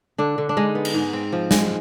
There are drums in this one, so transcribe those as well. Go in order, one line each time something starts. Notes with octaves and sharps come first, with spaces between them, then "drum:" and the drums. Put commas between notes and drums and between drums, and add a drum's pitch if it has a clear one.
D3 D4
D3
D4
G#3 D#4
B3
drum: cymbal
G#2
C4
F3
G#3, drum: snare